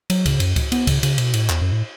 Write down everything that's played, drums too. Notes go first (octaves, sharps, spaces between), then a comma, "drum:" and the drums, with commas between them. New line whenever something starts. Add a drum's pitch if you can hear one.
F#3, drum: cymbal
C#3, drum: kick C#2, cymbal
F#2, drum: cymbal
drum: kick C#2, cymbal
B3, drum: cymbal
C#3, drum: kick C#2, cymbal
C#3, drum: cymbal
B2, drum: cymbal
A2, drum: cymbal
E2, drum: clap
F#2
A2